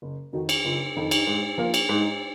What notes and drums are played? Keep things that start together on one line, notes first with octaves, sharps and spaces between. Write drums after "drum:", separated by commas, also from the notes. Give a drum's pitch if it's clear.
F#1
F2 D#3 F#4
drum: cymbal
F#1 F4
F2 D#3 D#4
drum: cymbal
G#2
F3 A#3 F4
drum: cymbal
G#2 D#4